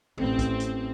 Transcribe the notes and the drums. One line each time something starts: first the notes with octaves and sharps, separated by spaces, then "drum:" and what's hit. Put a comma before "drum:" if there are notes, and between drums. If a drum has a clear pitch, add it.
A1 C4, drum: tom B2
drum: kick B1, hi-hat
drum: hi-hat